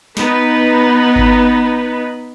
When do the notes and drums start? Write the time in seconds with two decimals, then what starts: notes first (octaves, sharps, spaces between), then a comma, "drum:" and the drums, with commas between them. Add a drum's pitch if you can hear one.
0.17 B3 D#4 B4, drum: snare
1.16 drum: kick G#1